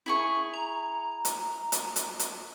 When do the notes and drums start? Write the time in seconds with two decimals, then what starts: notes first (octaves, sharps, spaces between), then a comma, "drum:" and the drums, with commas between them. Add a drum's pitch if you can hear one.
0.06 E4 G#4 C#6
0.54 A#5
1.25 drum: hi-hat
1.72 drum: hi-hat
1.96 drum: hi-hat
2.19 drum: hi-hat